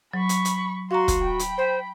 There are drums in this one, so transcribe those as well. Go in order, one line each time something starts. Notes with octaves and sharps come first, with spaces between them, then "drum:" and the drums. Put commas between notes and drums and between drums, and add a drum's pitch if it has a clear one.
F#3 B5 C#6
drum: hi-hat
drum: hi-hat
F#4 F5 A#5 C6
drum: kick, hi-hat
G5 B5
drum: hi-hat
C5